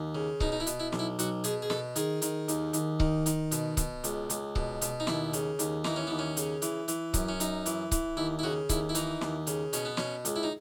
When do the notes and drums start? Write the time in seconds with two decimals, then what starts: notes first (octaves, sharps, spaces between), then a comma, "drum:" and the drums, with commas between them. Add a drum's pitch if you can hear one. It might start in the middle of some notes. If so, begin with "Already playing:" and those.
Already playing: D#2
0.15 C#3
0.40 B2 D#4, drum: kick C#1
0.52 D#4
0.60 E4
0.67 B2, drum: hi-hat
0.80 E4
0.92 B1, drum: snare
0.99 E4
1.19 B1 F#4, drum: hi-hat
1.44 B2 G#4, drum: hi-hat
1.62 G#4
1.70 B2 A4, drum: snare
1.96 D#3 G#4, drum: hi-hat
2.22 D#3, drum: hi-hat
2.48 D#2, drum: hi-hat
2.73 D#2, drum: hi-hat
3.00 D#3, drum: kick C#1
3.26 D#3, drum: hi-hat
3.52 B2, drum: hi-hat
3.77 B2, drum: kick C#1, hi-hat
4.04 C#2, drum: hi-hat
4.30 C#2, drum: hi-hat
4.56 B2, drum: kick C#1
4.82 B2, drum: hi-hat
5.00 D#4
5.07 D#2 E4, drum: snare
5.33 C#3, drum: hi-hat
5.59 D#2, drum: hi-hat
5.84 E3 D#4, drum: snare
5.96 C#4
6.07 D#2 B3
6.19 C#4
6.37 C#3, drum: hi-hat
6.62 E3, drum: hi-hat
6.88 E3, drum: hi-hat
7.14 F#2, drum: kick C#1, hi-hat
7.29 C#4
7.40 F#2 D#4, drum: hi-hat
7.66 E3, drum: hi-hat
7.92 E3, drum: kick C#1, hi-hat
8.17 D#2 E4
8.39 E4
8.43 C#3 F#4
8.69 D#2 E4, drum: kick C#1, hi-hat
8.89 E4
8.95 E3 D#4, drum: hi-hat
9.21 D#2, drum: snare
9.47 C#3, drum: hi-hat
9.73 B2 C#4, drum: hi-hat
9.85 B3
9.97 B2 C#4, drum: snare
10.25 C#2, drum: hi-hat
10.36 E4
10.43 D#4